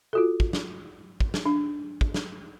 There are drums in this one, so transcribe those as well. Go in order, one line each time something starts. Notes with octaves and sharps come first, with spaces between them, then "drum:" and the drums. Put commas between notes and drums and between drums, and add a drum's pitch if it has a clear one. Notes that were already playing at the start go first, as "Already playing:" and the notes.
F4 F#4 A4
drum: kick
drum: snare
drum: kick
drum: snare
D4
drum: kick
drum: snare